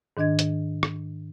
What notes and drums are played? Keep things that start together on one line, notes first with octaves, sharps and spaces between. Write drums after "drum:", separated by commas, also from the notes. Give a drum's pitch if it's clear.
G#2 D#3 D4 D#5 G#6
drum: hi-hat
drum: rim click